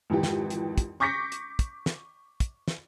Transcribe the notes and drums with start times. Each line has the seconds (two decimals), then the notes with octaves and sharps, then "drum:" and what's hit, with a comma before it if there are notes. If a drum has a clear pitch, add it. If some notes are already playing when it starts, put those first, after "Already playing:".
0.10 G#1 F2 E3 G4
0.23 drum: snare
0.50 drum: hi-hat
0.78 drum: kick, hi-hat
1.00 C#6 D6 G6 A#6 B6 C#7
1.32 drum: hi-hat
1.59 drum: kick, hi-hat
1.86 drum: snare
2.40 drum: kick, hi-hat
2.68 drum: snare